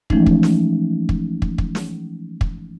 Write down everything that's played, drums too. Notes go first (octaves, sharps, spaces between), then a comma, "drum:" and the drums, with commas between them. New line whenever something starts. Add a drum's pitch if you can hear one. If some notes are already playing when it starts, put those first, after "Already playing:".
E3 F3 G#3 A3 C#4 D#4, drum: kick
drum: kick
drum: snare
drum: kick
drum: kick
drum: kick
drum: snare
drum: kick